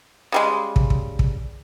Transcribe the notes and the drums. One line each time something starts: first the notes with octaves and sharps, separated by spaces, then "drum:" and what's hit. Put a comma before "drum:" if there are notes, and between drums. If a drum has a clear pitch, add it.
C#3 G3 G#3
drum: kick
drum: kick
drum: kick